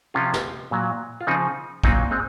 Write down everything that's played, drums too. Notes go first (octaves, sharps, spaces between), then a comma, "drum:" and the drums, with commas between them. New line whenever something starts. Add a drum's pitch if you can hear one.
C3 F3 C#4 F4
drum: snare
A#2 F#3
F4
C#3 F3 C4 D#4
A#2 F#3 C4 D#4, drum: kick
G#3 C4